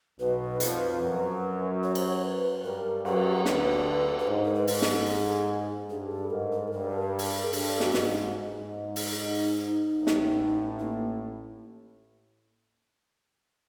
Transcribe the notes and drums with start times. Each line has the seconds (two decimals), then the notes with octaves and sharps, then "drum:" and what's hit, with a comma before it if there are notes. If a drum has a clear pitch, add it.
0.19 B1 B2 B4
0.60 F2 F3, drum: hi-hat
1.01 F#2 F#3
1.83 C#5
1.95 C5, drum: cymbal
2.08 C#5
2.24 B4
2.64 G2 G3 A#4
3.05 F#2 F#3 B4, drum: cymbal
3.45 D2 D3 B4, drum: snare
4.19 B4
4.27 G#2 C5
4.44 A#4
4.55 B4
4.67 G#2, drum: open hi-hat
4.82 A4, drum: snare
5.09 G#4
5.90 G2 G#4
6.11 A4
6.30 G#2 A#4
6.52 A#4
6.68 A4
6.72 G2 A#4
7.19 drum: open hi-hat
7.43 G#4
7.53 G2 A4, drum: open hi-hat
7.80 F#4, drum: snare
7.94 G#2, drum: snare
8.35 G#2
8.96 drum: open hi-hat
9.16 D#4
9.97 A1 A2
10.07 drum: snare
10.79 A#3